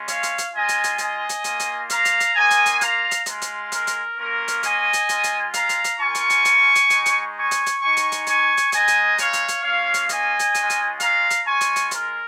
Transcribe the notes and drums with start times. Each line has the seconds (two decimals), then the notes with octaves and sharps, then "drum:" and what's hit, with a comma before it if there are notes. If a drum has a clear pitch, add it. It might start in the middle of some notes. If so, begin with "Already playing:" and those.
Already playing: G#3 C#4 F4
0.08 C#5 F5, drum: hi-hat
0.23 drum: hi-hat
0.38 drum: hi-hat
0.53 G#3 F4 D#5 G#5
0.69 drum: hi-hat
0.84 drum: hi-hat
0.98 D#5 G#5, drum: hi-hat
1.29 drum: hi-hat
1.44 A#3 F4, drum: hi-hat
1.60 drum: hi-hat
1.90 F5 A#5, drum: hi-hat
2.05 drum: hi-hat
2.20 drum: hi-hat
2.36 A#3 F4 D#5 G#5
2.51 drum: hi-hat
2.66 drum: hi-hat
2.81 F5 A#5, drum: hi-hat
3.11 drum: hi-hat
3.26 G#3 F4, drum: hi-hat
3.42 drum: hi-hat
3.72 A#4, drum: hi-hat
3.87 drum: hi-hat
4.18 A#3 C#4 F4 A#4
4.48 drum: hi-hat
4.63 D#5 G#5, drum: hi-hat
4.93 drum: hi-hat
5.09 G#3 F4, drum: hi-hat
5.24 drum: hi-hat
5.54 F5 A#5, drum: hi-hat
5.69 drum: hi-hat
5.84 drum: hi-hat
5.99 A#3 C#4 F4 G#5 C#6
6.15 drum: hi-hat
6.30 drum: hi-hat
6.45 drum: hi-hat
6.75 drum: hi-hat
6.90 G#3 D#4, drum: hi-hat
7.06 drum: hi-hat
7.36 G#5 C#6
7.51 drum: hi-hat
7.66 drum: hi-hat
7.81 G#3 D#4 G#5 C#6
7.97 drum: hi-hat
8.12 drum: hi-hat
8.27 G#5 C#6, drum: hi-hat
8.57 drum: hi-hat
8.72 G#3 D#4 D#5 G#5, drum: hi-hat
8.88 drum: hi-hat
9.19 C#5 F5, drum: hi-hat
9.33 drum: hi-hat
9.48 drum: hi-hat
9.63 A#3 C#4 F4 C#5 F5
9.94 drum: hi-hat
10.09 D#5 G#5, drum: hi-hat
10.40 drum: hi-hat
10.55 G#3 C#4 F4, drum: hi-hat
10.70 drum: hi-hat
11.00 F5 A#5, drum: hi-hat
11.31 drum: hi-hat
11.46 G#3 F4 G#5 C#6
11.61 drum: hi-hat
11.76 drum: hi-hat
11.91 A#4, drum: hi-hat